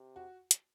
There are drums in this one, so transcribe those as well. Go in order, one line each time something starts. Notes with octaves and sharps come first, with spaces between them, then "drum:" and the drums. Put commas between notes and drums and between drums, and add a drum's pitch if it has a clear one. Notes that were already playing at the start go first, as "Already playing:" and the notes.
Already playing: C3
F#4
drum: hi-hat